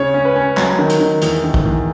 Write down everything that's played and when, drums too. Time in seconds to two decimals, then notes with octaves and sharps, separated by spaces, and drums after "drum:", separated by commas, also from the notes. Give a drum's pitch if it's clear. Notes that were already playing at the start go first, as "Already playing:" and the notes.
Already playing: C#3 C#5
0.14 C#4
0.25 B4
0.36 C#4
0.57 F#3, drum: clap
0.79 D#3
0.90 drum: hi-hat
1.00 D#3
1.22 E2, drum: hi-hat
1.44 D#3
1.54 drum: kick
1.65 E2